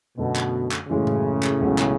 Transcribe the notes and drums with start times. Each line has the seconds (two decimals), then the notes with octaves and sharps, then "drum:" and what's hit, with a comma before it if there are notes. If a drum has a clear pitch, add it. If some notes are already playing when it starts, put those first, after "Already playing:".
0.18 F#2 B2 D3 A3
0.36 drum: clap
0.71 drum: clap
0.89 F#2 A2 C#3 E3 G#3
1.07 drum: tom A2
1.43 drum: clap
1.60 C#2 B2 F#3
1.78 drum: clap